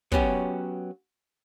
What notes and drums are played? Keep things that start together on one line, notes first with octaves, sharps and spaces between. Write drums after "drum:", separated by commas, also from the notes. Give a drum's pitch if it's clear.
F#3 B3 C#4 G4, drum: kick